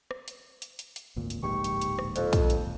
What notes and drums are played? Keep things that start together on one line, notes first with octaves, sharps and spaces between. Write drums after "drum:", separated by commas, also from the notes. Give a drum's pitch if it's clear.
drum: rim click
drum: hi-hat
drum: hi-hat
drum: hi-hat
drum: hi-hat
G#1 D2 A#2
drum: hi-hat
D1 A#1 G#2 G4 C#6
drum: hi-hat
drum: hi-hat
drum: rim click
F2, drum: hi-hat
drum: kick, hi-hat
drum: hi-hat